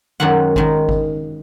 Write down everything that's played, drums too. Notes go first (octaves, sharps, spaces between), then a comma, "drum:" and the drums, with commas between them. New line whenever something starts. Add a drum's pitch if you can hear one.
F#2 D#3 G#3 F#5
D#3 G#3, drum: kick G#1
drum: kick G#1